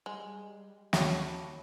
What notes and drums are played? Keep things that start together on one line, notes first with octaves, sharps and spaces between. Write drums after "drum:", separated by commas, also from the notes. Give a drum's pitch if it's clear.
G3 G#3
D#2 F#4 C#5 A5 B5 D6, drum: snare